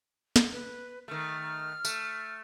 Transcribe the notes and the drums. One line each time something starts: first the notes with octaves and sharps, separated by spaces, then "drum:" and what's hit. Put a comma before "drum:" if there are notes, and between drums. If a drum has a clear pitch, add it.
drum: snare
B4
D#3 A3 F6
A3, drum: tambourine